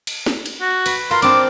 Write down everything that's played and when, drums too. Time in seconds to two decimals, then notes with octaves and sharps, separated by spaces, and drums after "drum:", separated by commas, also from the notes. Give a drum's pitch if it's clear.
0.07 drum: cymbal
0.26 drum: snare
0.46 drum: cymbal
0.61 F#4
0.86 B4, drum: cymbal
1.11 F4 A#4 C6
1.22 C4 D4 D6, drum: cymbal